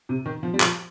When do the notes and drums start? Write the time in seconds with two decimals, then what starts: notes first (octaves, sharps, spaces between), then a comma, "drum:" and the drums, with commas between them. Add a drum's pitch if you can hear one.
0.09 C3
0.26 D#3
0.43 F3
0.54 G3
0.60 F3, drum: clap